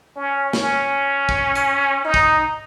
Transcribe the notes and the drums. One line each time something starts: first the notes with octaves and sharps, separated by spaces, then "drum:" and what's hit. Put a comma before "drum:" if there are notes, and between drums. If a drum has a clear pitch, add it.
C#4
C#4, drum: snare
drum: kick
drum: hi-hat
D#4
drum: kick